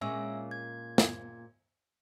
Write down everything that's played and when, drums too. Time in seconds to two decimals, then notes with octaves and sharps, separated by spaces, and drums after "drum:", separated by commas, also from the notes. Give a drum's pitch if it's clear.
0.01 A#2 G#3 C#4 E5 G#5 E6
0.51 G#6
0.98 drum: snare